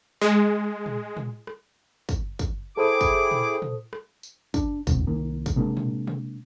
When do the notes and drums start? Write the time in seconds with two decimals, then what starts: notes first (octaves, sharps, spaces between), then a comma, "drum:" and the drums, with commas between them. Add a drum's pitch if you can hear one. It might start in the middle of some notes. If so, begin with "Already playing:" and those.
0.21 G#3
0.86 drum: tom
1.17 drum: tom
1.47 drum: rim click
2.09 drum: kick, tambourine
2.39 drum: kick, tambourine
2.77 E4 G#4 A4 C5 G5 D6 D#6
3.01 drum: kick, tambourine
3.31 drum: tom
3.62 drum: tom
3.93 drum: rim click
4.23 drum: tambourine
4.54 D4, drum: kick, tambourine
4.87 D#1 D2 C3, drum: kick, tambourine
5.07 C2 D#3 A#3
5.46 drum: kick, tambourine
5.56 C3 G#3 A#3 D4
5.77 drum: tom
6.07 drum: tom